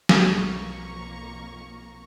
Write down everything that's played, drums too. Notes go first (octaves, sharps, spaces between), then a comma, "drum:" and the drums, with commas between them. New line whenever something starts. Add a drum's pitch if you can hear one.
drum: snare
B1 F2 A#3 A#5 C#6